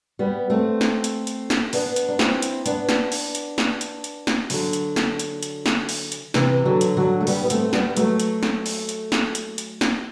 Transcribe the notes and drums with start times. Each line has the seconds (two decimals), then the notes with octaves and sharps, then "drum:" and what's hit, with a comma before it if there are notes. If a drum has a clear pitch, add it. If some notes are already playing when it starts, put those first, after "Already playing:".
0.19 G3 B3
0.50 A3 C4
0.81 drum: snare
1.04 drum: hi-hat
1.27 drum: hi-hat
1.50 drum: snare
1.73 B3 D4, drum: open hi-hat
1.96 drum: hi-hat
2.09 D4
2.19 C4 E4, drum: snare
2.42 drum: hi-hat
2.66 B3 D4, drum: hi-hat
2.89 drum: snare
3.12 drum: open hi-hat
3.35 drum: hi-hat
3.58 drum: snare
3.81 drum: hi-hat
4.04 drum: hi-hat
4.27 drum: snare
4.50 D3 F#3, drum: open hi-hat
4.73 drum: hi-hat
4.96 drum: snare
5.19 drum: hi-hat
5.43 drum: hi-hat
5.66 drum: snare
5.89 drum: open hi-hat
6.12 drum: hi-hat
6.34 C3 E3, drum: snare
6.65 D3 F#3
6.81 drum: hi-hat
6.97 D3 F#3
7.20 A3
7.27 G3 B3, drum: open hi-hat
7.43 B3
7.50 A3 C4, drum: hi-hat
7.73 G3 B3, drum: snare
7.90 B3
7.97 F#3 A3, drum: hi-hat
8.20 drum: hi-hat
8.43 drum: snare
8.66 drum: open hi-hat
8.89 drum: hi-hat
9.12 drum: snare
9.35 drum: hi-hat
9.58 drum: hi-hat
9.81 drum: snare